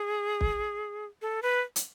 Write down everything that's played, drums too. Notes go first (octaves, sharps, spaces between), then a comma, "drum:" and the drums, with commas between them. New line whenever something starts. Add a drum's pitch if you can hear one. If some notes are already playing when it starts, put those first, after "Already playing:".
Already playing: G#4
drum: kick
A4
B4
drum: hi-hat